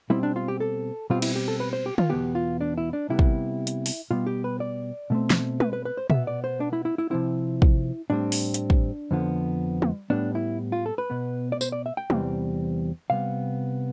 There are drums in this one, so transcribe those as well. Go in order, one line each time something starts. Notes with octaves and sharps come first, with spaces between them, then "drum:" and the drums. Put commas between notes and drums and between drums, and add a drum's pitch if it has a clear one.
B2 G3 C4 E4
D4
F4
G4
A4
B2 G3 C4 F4
E4, drum: cymbal
G4
A4
B4
C5
G4
F4, drum: tom D3
E2 B2 B3 G4
F4
D4
E4
D4
C3 G3 B3 E4
drum: kick
drum: hi-hat
drum: open hi-hat
B2 G3 B3 F4
G4
B4
D5
B2 A3 C4
drum: snare
B4, drum: tom
B4
B4
C5
B2 B3 E5, drum: tom A#2
D5
C5
D4
E4
E4
E4
C3 F3 C4 E4
drum: kick
A2 G3 C4 D4
drum: open hi-hat
drum: hi-hat
drum: kick
F2 D3 F3 B3
drum: tom
A2 G3 B3 D4
E4
F4
A4
B4
B2 B3
D5
C5, drum: tambourine
D5
E5
G5
E2 C3 E3 G3 C4, drum: tom
C3 G3 B3 F5